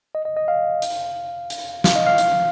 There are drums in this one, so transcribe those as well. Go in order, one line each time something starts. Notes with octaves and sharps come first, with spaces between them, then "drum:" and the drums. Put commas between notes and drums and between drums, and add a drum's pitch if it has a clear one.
D#5
D#5
D#5
F5
drum: hi-hat
drum: hi-hat
F5, drum: snare
D#5
F5
drum: hi-hat